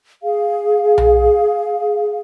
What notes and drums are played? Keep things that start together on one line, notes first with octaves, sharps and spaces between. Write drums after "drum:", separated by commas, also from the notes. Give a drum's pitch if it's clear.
G#4 F5
drum: tom B1